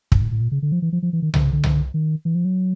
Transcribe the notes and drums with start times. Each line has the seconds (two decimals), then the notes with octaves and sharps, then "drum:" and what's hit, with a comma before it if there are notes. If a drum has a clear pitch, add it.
0.12 G2, drum: kick
0.22 A2
0.32 A2
0.41 A#2
0.52 C#3
0.62 D3
0.72 F3
0.82 E3
0.93 F3
1.03 F3
1.13 E3
1.22 D#3
1.34 D3, drum: tom C2
1.43 C#3
1.53 D3
1.64 drum: tom C2
1.94 D#3
2.25 E3
2.35 F3
2.45 F#3